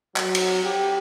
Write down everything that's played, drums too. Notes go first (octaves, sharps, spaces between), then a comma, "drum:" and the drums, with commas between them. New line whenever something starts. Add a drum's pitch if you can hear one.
F#3, drum: clap
drum: cymbal
G4